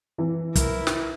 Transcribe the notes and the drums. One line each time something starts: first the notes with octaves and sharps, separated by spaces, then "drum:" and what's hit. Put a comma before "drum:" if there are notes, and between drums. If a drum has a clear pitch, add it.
E3
E4 A#4, drum: kick, hi-hat
drum: snare